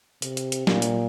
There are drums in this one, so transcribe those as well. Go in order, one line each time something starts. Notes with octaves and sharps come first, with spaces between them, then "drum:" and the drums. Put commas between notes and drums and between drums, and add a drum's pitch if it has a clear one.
C3, drum: hi-hat
drum: hi-hat
drum: hi-hat
A#2, drum: snare
drum: hi-hat